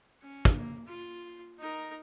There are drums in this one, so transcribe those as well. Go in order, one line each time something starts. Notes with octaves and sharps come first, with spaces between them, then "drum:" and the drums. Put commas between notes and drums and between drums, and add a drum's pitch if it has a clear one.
C#4
drum: kick
A#3
F4
D#4 A#4